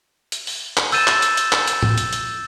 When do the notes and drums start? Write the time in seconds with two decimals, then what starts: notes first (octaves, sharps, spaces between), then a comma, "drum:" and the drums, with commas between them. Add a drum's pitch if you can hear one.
0.32 drum: hi-hat
0.47 drum: open hi-hat
0.77 drum: clap
0.92 E6 G6 A6 D#7 E7, drum: open hi-hat
1.07 drum: clap
1.22 drum: hi-hat
1.37 drum: hi-hat
1.52 drum: clap
1.67 drum: hi-hat
1.83 drum: tom
1.98 drum: hi-hat
2.13 drum: hi-hat